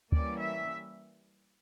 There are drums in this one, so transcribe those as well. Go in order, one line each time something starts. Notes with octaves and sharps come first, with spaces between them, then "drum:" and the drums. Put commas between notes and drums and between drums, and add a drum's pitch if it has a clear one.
E3 G3 A#3 C#4 D5, drum: kick
E5